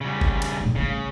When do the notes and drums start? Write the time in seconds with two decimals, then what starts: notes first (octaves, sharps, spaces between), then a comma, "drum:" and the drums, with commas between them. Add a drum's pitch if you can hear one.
0.01 C#3 G3
0.21 drum: kick G1
0.42 drum: cymbal
0.60 A2 F#3
0.76 A1 C#3 G3